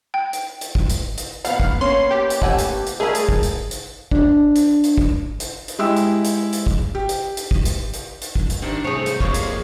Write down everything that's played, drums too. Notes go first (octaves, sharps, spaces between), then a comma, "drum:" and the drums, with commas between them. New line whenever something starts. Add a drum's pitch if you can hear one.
G5
drum: hi-hat
drum: hi-hat
drum: kick
drum: hi-hat
drum: hi-hat
A#2 B3 F5 F#5, drum: hi-hat
drum: kick
A#3 B3 C#4 C6
G4
drum: hi-hat
A3 F#5 G#5, drum: kick
drum: hi-hat
drum: hi-hat
G3 A3 G#4 A#4 F5 B5
drum: hi-hat
drum: kick
drum: hi-hat
drum: hi-hat
D4, drum: kick
drum: hi-hat
drum: hi-hat
drum: kick
drum: hi-hat
drum: hi-hat
G#3 E4 G4 E6
drum: hi-hat
drum: hi-hat
drum: hi-hat
drum: kick
G4
drum: hi-hat
drum: hi-hat
drum: kick
drum: hi-hat
drum: hi-hat
drum: hi-hat
drum: kick
drum: hi-hat
C3 D#3 D4
C3 E3 A3 G#4 C5 C#5
drum: hi-hat
F2 C3 A#3 G#4 C#5 F5, drum: kick
drum: hi-hat